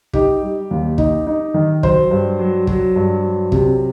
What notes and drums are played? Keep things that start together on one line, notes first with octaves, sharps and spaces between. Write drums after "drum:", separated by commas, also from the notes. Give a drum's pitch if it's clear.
D#4 G4, drum: kick
G3
D#2
D#4, drum: kick
D#4
D#3
F#3 C5, drum: kick
G2
F#3
F#3, drum: kick
G2
F#3
C3, drum: kick